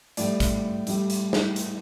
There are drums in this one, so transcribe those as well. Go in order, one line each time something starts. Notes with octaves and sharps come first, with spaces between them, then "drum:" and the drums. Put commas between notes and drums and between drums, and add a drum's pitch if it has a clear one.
A2 G3 D5, drum: hi-hat
drum: kick G#1, hi-hat
A2 G3, drum: hi-hat
drum: hi-hat
drum: snare
drum: hi-hat